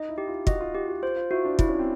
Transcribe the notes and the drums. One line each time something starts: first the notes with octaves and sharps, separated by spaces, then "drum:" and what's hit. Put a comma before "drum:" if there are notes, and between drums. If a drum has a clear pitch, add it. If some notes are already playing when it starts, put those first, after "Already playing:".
Already playing: D#4 D#5
E4
G4
F4
F#4 D#5, drum: kick
F4
F4 G4
F#4
F4 C5
F4
E4 F#4
D4
D4 E4, drum: kick
C#4
C4